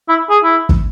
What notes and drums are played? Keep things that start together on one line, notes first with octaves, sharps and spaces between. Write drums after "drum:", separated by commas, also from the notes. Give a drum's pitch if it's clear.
E4
G#4
E4
drum: kick